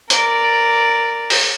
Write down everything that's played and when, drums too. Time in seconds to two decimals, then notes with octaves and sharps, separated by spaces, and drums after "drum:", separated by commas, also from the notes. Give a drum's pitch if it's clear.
0.10 A#4 D5, drum: hi-hat
1.30 drum: open hi-hat